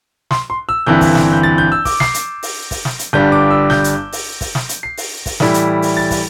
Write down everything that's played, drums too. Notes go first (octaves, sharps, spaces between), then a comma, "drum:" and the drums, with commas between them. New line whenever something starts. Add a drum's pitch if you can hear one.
C6, drum: snare
C6
E6
G1 G2 E3 C4 E4 G6
drum: kick, open hi-hat
drum: snare
G6
A6
G6
E6
D6, drum: kick, open hi-hat
C7, drum: snare
drum: hi-hat
drum: open hi-hat
drum: kick, open hi-hat
drum: snare
drum: hi-hat
G1 G2 G3 G6
D6
E6
G6, drum: snare
drum: hi-hat
drum: open hi-hat
drum: kick, open hi-hat
drum: snare
drum: hi-hat
C7
drum: open hi-hat
drum: kick, open hi-hat
A2 E3 G3 E4, drum: snare
drum: hi-hat
drum: open hi-hat
A6
drum: kick, open hi-hat